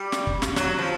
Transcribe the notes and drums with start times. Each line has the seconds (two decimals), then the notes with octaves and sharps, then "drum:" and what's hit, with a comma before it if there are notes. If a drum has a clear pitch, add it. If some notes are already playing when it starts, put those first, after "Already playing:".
Already playing: G3
0.12 drum: snare
0.27 drum: kick
0.42 drum: snare
0.56 F#3, drum: snare
0.79 F3